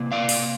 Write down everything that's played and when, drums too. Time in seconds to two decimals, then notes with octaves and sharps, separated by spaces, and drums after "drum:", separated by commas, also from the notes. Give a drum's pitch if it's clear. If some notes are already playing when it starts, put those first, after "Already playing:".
Already playing: C3 A#3
0.12 D5 F5
0.29 drum: open hi-hat